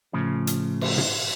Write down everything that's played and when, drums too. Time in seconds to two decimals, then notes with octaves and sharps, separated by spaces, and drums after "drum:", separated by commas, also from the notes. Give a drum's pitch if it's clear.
0.13 A2 C#3 F3
0.47 drum: hi-hat
0.81 drum: cymbal
0.98 drum: tom